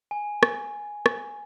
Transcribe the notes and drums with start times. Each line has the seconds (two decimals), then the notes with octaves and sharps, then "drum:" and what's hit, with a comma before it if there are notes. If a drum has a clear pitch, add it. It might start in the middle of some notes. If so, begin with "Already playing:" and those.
0.11 G#5
0.43 drum: rim click
1.06 drum: rim click